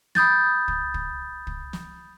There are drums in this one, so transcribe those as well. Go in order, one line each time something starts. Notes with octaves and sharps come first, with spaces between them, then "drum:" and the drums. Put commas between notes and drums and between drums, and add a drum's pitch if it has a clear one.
B5 D#6 G6 A6, drum: snare
drum: kick
drum: kick
drum: kick
drum: snare